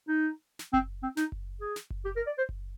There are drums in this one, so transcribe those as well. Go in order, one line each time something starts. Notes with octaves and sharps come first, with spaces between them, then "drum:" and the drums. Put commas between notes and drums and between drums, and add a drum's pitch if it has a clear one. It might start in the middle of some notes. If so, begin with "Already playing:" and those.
D#4
drum: snare
C4, drum: kick F#1
C4
D#4, drum: snare
drum: kick F#1
G#4
drum: snare
drum: kick F#1
G4
A#4
D5
C5
drum: kick F#1